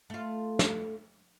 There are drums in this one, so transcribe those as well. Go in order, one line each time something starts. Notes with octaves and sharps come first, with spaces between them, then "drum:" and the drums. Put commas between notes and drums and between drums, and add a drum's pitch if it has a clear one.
A3 F4
drum: snare